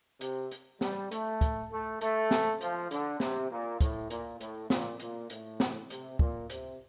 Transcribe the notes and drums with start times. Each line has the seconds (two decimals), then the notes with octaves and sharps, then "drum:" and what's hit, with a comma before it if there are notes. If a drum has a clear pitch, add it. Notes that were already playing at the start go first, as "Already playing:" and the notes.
0.21 C3, drum: hi-hat
0.51 drum: hi-hat
0.81 G3, drum: snare
1.11 A3, drum: hi-hat
1.41 drum: kick, hi-hat
1.72 A3
2.01 A3, drum: hi-hat
2.31 drum: snare
2.61 F3, drum: hi-hat
2.91 D3, drum: hi-hat
3.20 C3, drum: snare
3.51 A#2
3.81 A2, drum: kick, hi-hat
4.10 A#2, drum: hi-hat
4.41 A2, drum: hi-hat
4.70 A#2, drum: snare
5.00 A#2, drum: hi-hat
5.30 A2, drum: hi-hat
5.60 drum: snare
5.90 C3, drum: hi-hat
6.19 A#2, drum: kick
6.50 C3, drum: hi-hat